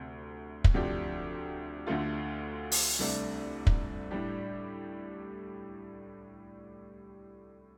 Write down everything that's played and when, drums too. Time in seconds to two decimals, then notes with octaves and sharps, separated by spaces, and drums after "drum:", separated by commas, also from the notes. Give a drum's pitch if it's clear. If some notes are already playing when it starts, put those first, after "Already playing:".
Already playing: D2 C3 A3
0.64 drum: kick
0.74 D2 C3 F3 D4 G4
1.87 D2 D3 A3 F4
2.72 drum: open hi-hat
2.99 C2 C3 A3 D4
3.67 drum: kick
4.11 A2 G3 D4 G4